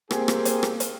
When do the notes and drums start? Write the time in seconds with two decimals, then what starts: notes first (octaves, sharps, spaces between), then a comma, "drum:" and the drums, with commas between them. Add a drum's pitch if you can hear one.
0.11 A#3 C4 G4 G#4, drum: rim click
0.28 drum: rim click
0.45 drum: hi-hat
0.63 drum: rim click
0.80 drum: hi-hat